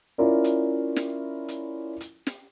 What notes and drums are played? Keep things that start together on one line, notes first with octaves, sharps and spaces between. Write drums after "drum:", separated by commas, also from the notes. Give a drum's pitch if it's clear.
C#4 E4 F4 A#4 D5
drum: hi-hat
drum: snare
drum: hi-hat
drum: hi-hat
drum: snare